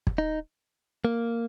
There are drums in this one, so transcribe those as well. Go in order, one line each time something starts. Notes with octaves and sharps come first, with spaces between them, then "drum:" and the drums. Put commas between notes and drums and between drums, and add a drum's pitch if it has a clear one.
drum: kick
D#4
A#3